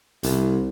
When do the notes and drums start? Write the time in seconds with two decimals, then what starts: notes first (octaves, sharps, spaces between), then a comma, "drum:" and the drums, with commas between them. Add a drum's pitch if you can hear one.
0.23 C2, drum: hi-hat